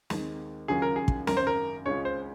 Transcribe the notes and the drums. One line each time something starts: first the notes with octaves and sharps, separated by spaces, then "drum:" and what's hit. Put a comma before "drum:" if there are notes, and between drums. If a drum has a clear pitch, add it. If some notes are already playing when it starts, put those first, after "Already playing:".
D#2 D#3 G#3 C4, drum: snare
D#2 C#3 F#3 C#4 F4 G#4
A#4
G#4
drum: kick
G#1 F#2 C#3 A#4, drum: snare
C5
A#4
C#2 C#3 G#3 C#4 F4 C#5
C5